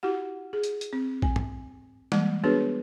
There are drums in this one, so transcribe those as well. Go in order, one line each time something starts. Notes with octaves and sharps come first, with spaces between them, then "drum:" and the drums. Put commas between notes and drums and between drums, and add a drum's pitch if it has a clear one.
E4 F#4 G4 F#5
G#4
drum: hi-hat
drum: hi-hat
C4
G#5, drum: kick A#1
drum: tom
E3 G3 G#3 A#3, drum: snare
B3 D4 F#4 G#4 B4 C#5